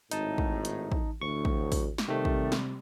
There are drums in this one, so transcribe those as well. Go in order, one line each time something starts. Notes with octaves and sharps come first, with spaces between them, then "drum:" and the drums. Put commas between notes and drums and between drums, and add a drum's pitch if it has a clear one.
G#1 A2 D#4 A5, drum: hi-hat
drum: kick
drum: hi-hat
drum: kick
D2 A2 C#6
drum: kick
drum: kick, open hi-hat
drum: snare
C3 D#3 G3 A3
drum: kick
drum: snare